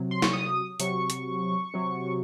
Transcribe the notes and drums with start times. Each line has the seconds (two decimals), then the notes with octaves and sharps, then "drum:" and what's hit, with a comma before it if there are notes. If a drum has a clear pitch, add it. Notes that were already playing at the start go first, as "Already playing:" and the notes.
Already playing: C3 F#3
0.11 C6
0.22 C#6, drum: snare
0.33 D#6
0.80 C3 F#3 C#6, drum: hi-hat
1.10 drum: hi-hat
1.74 C3 F#3